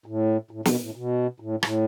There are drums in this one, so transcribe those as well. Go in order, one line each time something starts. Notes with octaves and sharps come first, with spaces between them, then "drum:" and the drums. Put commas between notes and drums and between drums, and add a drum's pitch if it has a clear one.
A2
A2
B2, drum: snare
A2
B2
A2
A2, drum: rim click